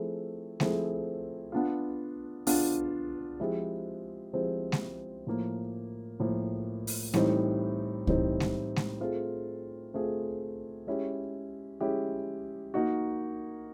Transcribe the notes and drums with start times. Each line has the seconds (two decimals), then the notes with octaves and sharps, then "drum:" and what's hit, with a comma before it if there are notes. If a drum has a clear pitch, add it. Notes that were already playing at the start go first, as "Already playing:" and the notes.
Already playing: F3 A3 C4 E4 G#4
0.60 F3 A3 C4 E4 G#4, drum: snare G#3
1.52 B3 D4 F4
2.47 B3 D4 F4, drum: open hi-hat
3.40 F3 G#3 C4 E4 G4
4.33 F3 G#3 C4 E4 G4
4.72 drum: snare G#3
5.27 A2 F3 A#3
6.20 A2 F3 A#3
6.87 drum: open hi-hat
7.14 A2 E3 G3 C4 D#4, drum: snare G#3
8.07 A2 E3 G3 C4 D#4, drum: kick C2
8.40 drum: snare G#3
8.76 drum: snare G#3
9.00 A3 C4 F4 G#4
9.94 A3 C4 F4 G#4
10.87 G#3 C#4 E4 G4
11.80 G#3 C#4 E4 G4
12.74 A#3 D#4 F#4